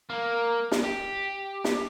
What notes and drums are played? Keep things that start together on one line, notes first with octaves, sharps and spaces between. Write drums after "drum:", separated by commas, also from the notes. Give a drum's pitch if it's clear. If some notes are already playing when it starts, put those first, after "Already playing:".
A#3
drum: snare
G4
drum: snare